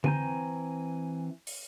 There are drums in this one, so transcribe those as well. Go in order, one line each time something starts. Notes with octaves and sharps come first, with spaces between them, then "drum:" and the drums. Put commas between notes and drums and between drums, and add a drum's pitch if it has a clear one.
E3 C4 G#5 A#5 G6, drum: tom D3
drum: open hi-hat